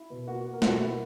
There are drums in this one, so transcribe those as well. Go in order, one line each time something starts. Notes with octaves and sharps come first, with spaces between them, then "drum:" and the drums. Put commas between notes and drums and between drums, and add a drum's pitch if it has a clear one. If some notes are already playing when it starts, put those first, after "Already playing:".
Already playing: E4
B2
A#3 F#4
A#3
A#4
B2 F#4, drum: snare
A#3 E4